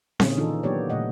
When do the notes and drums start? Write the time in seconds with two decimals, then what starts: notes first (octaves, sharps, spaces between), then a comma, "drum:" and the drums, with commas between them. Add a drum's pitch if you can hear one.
0.20 A#2 D3 A#3 C#4 D#4 G#4, drum: snare C4
0.36 D#3 E3 D4 D#4 F4 A4
0.63 F#3 A#3 B3 G4 C#5 D5
0.90 A#2 C#3 A3 D#5 F#5